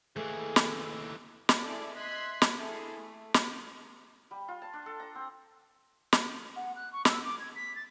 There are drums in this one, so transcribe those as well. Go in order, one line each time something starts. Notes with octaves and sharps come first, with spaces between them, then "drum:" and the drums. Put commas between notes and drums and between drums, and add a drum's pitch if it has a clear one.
D#2 E3 A3 G#4
drum: snare
drum: snare
E4 G#4 A4 D5
D#5 E5 C6 F#6 G#6 B6
drum: snare
D4 E4 G#4 A4
A3
drum: snare
G3
F4
A5
D4
A4
A#5
C4
drum: snare
F#5
F#6
C#6
E6, drum: snare
D6
G#6
B6
A6